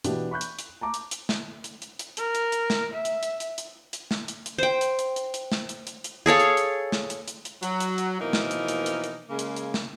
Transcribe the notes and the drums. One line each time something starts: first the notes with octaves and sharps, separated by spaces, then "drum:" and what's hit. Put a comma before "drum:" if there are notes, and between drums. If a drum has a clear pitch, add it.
B2 E3 B3 D4 G4, drum: hi-hat
B5 C#6 F#6 G6
drum: hi-hat
drum: hi-hat
A5 A#5 D6
drum: hi-hat
drum: hi-hat
drum: snare
drum: hi-hat
drum: hi-hat
drum: hi-hat
A#4, drum: hi-hat
drum: hi-hat
drum: hi-hat
drum: snare
E5
drum: hi-hat
drum: hi-hat
drum: hi-hat
drum: hi-hat
drum: hi-hat
drum: snare
drum: hi-hat
drum: hi-hat
C5 G5
drum: hi-hat
drum: hi-hat
drum: hi-hat
drum: hi-hat
drum: snare
drum: hi-hat
drum: hi-hat
drum: hi-hat
G#4 A4 C#5 F5
drum: hi-hat
drum: hi-hat
drum: snare
drum: hi-hat
drum: hi-hat
drum: hi-hat
F#3, drum: hi-hat
drum: hi-hat
drum: hi-hat
B2 E3 F3 A#3 D#4 A#4
drum: snare
drum: hi-hat
drum: hi-hat
drum: hi-hat
drum: hi-hat
C#3 G#3 A#3
drum: hi-hat
drum: hi-hat
drum: snare